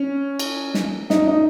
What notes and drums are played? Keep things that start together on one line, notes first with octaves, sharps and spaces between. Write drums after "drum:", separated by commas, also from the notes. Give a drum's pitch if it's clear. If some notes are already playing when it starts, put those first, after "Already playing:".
Already playing: C#4
drum: cymbal
drum: snare
D#4, drum: snare
D#4